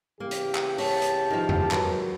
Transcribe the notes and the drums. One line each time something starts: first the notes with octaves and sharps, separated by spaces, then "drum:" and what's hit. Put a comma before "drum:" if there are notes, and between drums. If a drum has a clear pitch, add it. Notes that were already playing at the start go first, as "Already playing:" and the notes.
C#3 E3 A#3 G4
drum: hi-hat
drum: clap
C#5 A5, drum: open hi-hat
drum: hi-hat
D#3 F3
drum: tom E2
F#3 G#3 A#4 B4, drum: clap